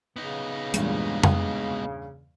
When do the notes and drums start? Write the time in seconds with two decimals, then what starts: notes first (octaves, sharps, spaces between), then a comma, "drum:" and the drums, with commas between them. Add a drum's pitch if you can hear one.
0.16 C#3 B3 D#4
0.74 E2 G2 A#2 G#3, drum: hi-hat
1.24 drum: tom F2